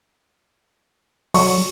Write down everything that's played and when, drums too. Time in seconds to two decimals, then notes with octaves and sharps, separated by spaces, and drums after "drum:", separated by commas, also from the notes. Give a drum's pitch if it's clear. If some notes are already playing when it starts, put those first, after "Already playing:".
1.34 F#3 C#6, drum: open hi-hat